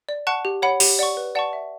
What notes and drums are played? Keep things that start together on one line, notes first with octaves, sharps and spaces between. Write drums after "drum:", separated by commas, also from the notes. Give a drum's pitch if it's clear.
D5
F#5 A5 C#6 F#6
G4
C#5 F#5 B5
G4, drum: open hi-hat
D5 F#5 C#6
B4
D5 F#5 A5 C#6
E5